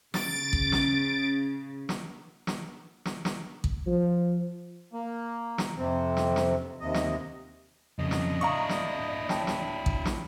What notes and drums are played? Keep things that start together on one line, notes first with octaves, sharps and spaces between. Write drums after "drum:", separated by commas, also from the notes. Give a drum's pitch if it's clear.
C#3 A6 D7, drum: snare
drum: kick A1
drum: snare
drum: snare
drum: snare
drum: snare
drum: snare
drum: kick A1
F3
A#3
drum: snare
F2 C3 C4
drum: snare
drum: snare
D#2 C3 D#5
drum: snare
F2 C#3 D#5
drum: snare
D4 E4 F5 A#5 C#6 D#6
drum: snare
C#5 G5 A5, drum: snare
drum: snare
drum: kick A1
drum: snare